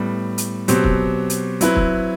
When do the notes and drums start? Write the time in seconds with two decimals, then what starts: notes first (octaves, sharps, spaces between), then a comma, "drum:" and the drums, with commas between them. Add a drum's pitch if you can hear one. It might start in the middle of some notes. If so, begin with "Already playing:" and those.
Already playing: A2 G3 B3
0.38 drum: hi-hat
0.68 B2 F#3 C4 G4 C5, drum: hi-hat
0.84 drum: kick
1.30 drum: hi-hat
1.61 F#3 C4 E4 B4, drum: hi-hat
1.76 drum: kick